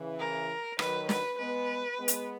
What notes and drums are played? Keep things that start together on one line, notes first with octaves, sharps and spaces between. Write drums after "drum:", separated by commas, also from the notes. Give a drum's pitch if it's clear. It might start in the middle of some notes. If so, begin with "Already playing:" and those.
Already playing: C#3 E3
A#4
D#3 F#3 B4, drum: rim click
B4, drum: snare
G#3 B3 B4
G#3 B3
drum: hi-hat